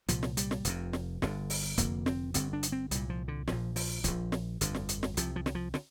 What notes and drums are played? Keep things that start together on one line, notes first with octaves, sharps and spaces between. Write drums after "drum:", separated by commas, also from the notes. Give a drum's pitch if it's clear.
C2 A#2 F3, drum: hi-hat
drum: snare
G3, drum: hi-hat
drum: snare
F1 F2 C3, drum: hi-hat
drum: snare
G1 G2 D3, drum: snare
drum: open hi-hat
F1 F2 D3 A#3, drum: kick, hi-hat
C4, drum: snare
G1 G2 D3 C4, drum: hi-hat
D4
drum: hi-hat
C4
C2 A#2 G3, drum: hi-hat
F3
D3
A#1 A#2 F3, drum: snare
F3, drum: open hi-hat
A#1 A#2 F3, drum: kick, hi-hat
drum: snare
G1 F2 D3, drum: hi-hat
drum: snare
drum: hi-hat
drum: snare
C2 C3 F3, drum: hi-hat
F3
D3, drum: snare
F3
D3, drum: snare